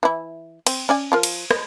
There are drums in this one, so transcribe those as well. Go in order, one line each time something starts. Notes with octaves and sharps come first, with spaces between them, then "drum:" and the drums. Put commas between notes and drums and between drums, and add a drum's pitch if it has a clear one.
E3 E4
C4, drum: cymbal
C#4 D5 G#5
F3 F4 A#4
drum: cymbal
D#5, drum: rim click